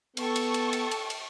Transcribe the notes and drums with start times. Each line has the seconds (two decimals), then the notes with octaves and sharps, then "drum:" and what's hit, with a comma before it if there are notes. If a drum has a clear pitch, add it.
0.17 B3 A4 G5 A5 C#6, drum: cymbal
0.36 drum: cymbal
0.54 drum: cymbal
0.73 drum: cymbal
0.91 drum: cymbal
1.10 drum: cymbal